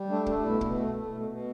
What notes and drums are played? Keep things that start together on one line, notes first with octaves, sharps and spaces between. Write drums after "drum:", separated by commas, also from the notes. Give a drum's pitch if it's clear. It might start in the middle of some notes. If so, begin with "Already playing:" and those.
Already playing: G3
A3 D4
A3, drum: kick
B2 E4
B2, drum: kick
A3
A3
B2
B2